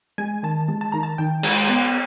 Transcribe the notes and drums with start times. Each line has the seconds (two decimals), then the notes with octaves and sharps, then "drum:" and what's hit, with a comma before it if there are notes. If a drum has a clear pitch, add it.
0.18 G#3 G#5
0.43 D#3 A5
0.68 G#3
0.81 A5
0.92 D#3 A#5
1.03 A5
1.18 D#3 G5
1.43 G#3, drum: cymbal
1.69 B3